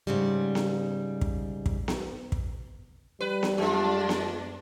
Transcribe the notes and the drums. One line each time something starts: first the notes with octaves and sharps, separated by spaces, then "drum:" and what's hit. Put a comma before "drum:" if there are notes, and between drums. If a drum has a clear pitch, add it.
G#2 C#3 G3
drum: snare B3
drum: kick
drum: kick
drum: snare B3
drum: kick
G3 B4
drum: snare B3
F#2 G#3 D4 F4
drum: snare B3